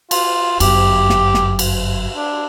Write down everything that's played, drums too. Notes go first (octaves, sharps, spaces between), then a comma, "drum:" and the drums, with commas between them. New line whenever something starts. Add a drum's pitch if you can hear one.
F4, drum: cymbal
G1 F#2 G4, drum: cymbal
drum: snare
drum: snare
drum: cymbal
D4